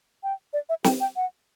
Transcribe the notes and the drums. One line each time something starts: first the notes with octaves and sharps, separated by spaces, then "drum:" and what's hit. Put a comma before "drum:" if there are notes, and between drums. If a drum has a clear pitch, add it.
G5
D5
E5
G5, drum: snare
G5
F#5